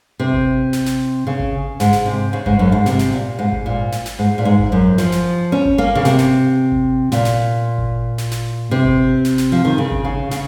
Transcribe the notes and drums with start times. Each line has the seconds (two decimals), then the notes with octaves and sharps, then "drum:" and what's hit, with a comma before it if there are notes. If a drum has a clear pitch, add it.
0.19 C3
0.33 drum: kick G#1
0.73 drum: snare
0.86 drum: snare
1.27 C#3
1.39 drum: kick G#1
1.80 G#2, drum: snare
1.93 drum: snare
2.06 C3
2.33 C#3
2.46 G#2, drum: kick G#1
2.59 F#2
2.72 G#2
2.86 C3, drum: snare
2.99 drum: snare
3.13 A#2
3.39 G#2
3.52 drum: kick G#1
3.66 A#2
3.92 drum: snare
4.06 drum: snare
4.19 G#2
4.38 A#2
4.45 G#2
4.59 drum: kick G#1
4.72 F#2
4.98 F3, drum: snare
5.12 drum: snare
5.52 C#4
5.65 drum: kick G#1
5.78 A#3
5.95 C#3
6.05 C3, drum: snare
6.19 drum: snare
6.72 drum: kick G#1
7.12 A#2, drum: snare
7.25 drum: snare
7.78 drum: kick G#1
8.18 drum: snare
8.31 drum: snare
8.71 C3
8.85 drum: kick G#1
9.25 drum: snare
9.38 drum: snare
9.52 F3
9.65 D#3
9.78 C#3
9.91 drum: kick G#1
10.05 C#3
10.31 C#3, drum: snare